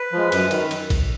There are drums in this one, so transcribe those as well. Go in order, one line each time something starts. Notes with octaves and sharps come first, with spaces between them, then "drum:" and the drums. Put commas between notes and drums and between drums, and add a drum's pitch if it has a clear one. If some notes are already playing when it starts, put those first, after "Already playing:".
Already playing: B4
F3 G#3
F#2, drum: cymbal
D#3, drum: cymbal
drum: cymbal
drum: kick A#1, cymbal